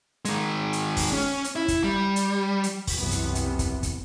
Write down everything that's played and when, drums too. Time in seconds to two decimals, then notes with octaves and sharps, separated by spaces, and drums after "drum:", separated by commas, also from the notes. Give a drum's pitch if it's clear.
0.25 D#3 G#3, drum: hi-hat
0.73 drum: hi-hat
0.97 drum: kick, open hi-hat
1.13 C#4
1.44 drum: hi-hat
1.56 E4
1.68 drum: kick, hi-hat
1.84 G3
2.16 drum: hi-hat
2.64 drum: hi-hat
2.87 drum: kick, open hi-hat
2.99 C2 F#2 C3 E3 B3
3.11 drum: hi-hat
3.35 drum: hi-hat
3.59 drum: kick, hi-hat
3.83 drum: kick, hi-hat